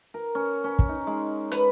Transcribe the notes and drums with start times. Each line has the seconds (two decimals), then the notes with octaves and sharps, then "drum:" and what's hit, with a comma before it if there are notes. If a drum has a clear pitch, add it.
0.14 A#4
0.35 C#4
0.64 C#4
0.79 drum: kick
0.89 D#4
1.07 G#3
1.51 B4, drum: hi-hat